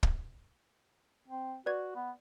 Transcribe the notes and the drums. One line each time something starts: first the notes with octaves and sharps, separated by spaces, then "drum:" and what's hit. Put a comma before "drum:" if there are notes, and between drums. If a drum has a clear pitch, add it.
drum: kick
C4
F#4 B4 D5 G#6
B3